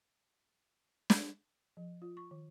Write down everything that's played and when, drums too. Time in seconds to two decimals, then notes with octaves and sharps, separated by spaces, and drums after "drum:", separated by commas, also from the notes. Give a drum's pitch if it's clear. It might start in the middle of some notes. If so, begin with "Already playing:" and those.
1.10 drum: snare
1.77 F3
2.02 F4
2.17 C#6
2.31 D#3